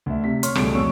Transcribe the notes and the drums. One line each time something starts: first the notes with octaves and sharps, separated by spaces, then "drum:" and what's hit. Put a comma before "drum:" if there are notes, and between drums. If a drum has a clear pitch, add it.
D2 E5
C3 B6
C#5 C6 C#6 F6, drum: hi-hat
C#2 G2 B2 A3 G#4 D7, drum: rim click
F2 B2 C#5 C#6 E6